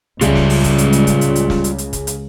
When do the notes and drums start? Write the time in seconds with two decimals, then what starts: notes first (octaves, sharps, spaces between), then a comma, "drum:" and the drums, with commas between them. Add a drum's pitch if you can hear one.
0.21 C#2 C#3 G3 F4 D5 E5, drum: hi-hat
0.35 drum: snare
0.50 drum: open hi-hat
0.64 drum: kick, hi-hat
0.78 drum: hi-hat
0.93 drum: hi-hat
1.07 drum: kick, hi-hat
1.21 drum: hi-hat
1.35 drum: hi-hat
1.50 drum: snare
1.64 drum: hi-hat
1.78 drum: hi-hat
1.93 drum: kick, hi-hat
2.07 drum: hi-hat